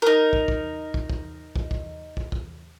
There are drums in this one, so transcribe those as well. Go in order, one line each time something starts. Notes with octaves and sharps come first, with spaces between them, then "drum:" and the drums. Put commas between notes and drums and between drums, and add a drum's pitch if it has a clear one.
D#4 A#4
drum: kick
drum: kick
drum: kick
drum: kick
drum: kick
drum: kick
drum: kick
drum: kick